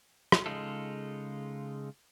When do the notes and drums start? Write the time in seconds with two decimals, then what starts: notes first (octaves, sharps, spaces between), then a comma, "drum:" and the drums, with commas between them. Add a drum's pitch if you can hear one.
0.32 drum: rim click
0.46 C#3 G#3 D#4 F4 A4